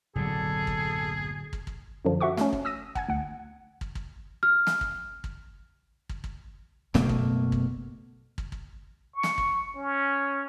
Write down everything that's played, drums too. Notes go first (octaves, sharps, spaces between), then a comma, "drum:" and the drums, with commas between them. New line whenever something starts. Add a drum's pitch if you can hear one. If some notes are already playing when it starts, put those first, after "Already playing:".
F#1 B1 A2 D3 F#3 G#4 A4
drum: kick
drum: kick
drum: kick
F#2 D3 F3
F#4 E5 F#5 C#6 D6
A3 C#4, drum: snare
drum: kick
D#6 E6 A#6 D#7
F#5 G#5 G#6, drum: kick
D2 F#5
drum: kick
drum: kick
F6
drum: snare
drum: kick
drum: kick
drum: kick
drum: kick
F#1 B2 A3 A#3, drum: snare
drum: kick
drum: kick
drum: kick
drum: kick
C#6
drum: snare
drum: kick
C#4